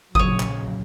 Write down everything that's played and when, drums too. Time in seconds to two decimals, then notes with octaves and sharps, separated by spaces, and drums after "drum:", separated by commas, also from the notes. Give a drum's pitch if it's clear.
0.15 A#1 C#3 F#3 C#5 D#6, drum: kick G1
0.40 drum: clap